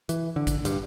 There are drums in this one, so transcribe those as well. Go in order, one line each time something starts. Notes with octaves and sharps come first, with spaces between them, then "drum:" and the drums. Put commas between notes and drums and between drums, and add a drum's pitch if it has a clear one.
E3, drum: hi-hat
D3
drum: kick, hi-hat
G2, drum: hi-hat